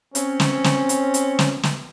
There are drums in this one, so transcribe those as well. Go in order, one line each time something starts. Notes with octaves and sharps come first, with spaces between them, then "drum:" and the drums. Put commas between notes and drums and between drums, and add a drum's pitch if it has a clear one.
C4 C#4, drum: hi-hat
drum: snare
drum: snare
drum: hi-hat
drum: hi-hat
drum: snare
drum: snare